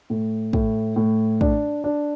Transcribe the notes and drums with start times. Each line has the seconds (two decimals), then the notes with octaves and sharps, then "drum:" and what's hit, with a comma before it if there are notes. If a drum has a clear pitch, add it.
0.10 A2
0.53 A2, drum: kick
0.96 A2
1.41 D4, drum: kick
1.84 D4